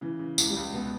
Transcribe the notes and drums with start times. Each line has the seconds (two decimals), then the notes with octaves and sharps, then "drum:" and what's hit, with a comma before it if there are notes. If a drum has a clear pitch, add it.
0.01 C#3 E3
0.19 C#3
0.38 C#2 E3, drum: tambourine
0.50 G3
0.56 C#2
0.74 B2 B3